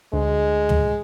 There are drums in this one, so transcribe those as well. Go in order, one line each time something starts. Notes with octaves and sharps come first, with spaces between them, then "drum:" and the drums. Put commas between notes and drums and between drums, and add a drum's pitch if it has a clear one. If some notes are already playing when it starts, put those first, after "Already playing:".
D2 G#3
drum: tom